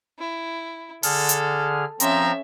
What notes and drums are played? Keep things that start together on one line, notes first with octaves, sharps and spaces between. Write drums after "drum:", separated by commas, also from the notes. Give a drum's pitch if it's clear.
E4
D3 G#4 A4 F6, drum: open hi-hat
drum: hi-hat
F3 C4 C#4 E5 A#5, drum: hi-hat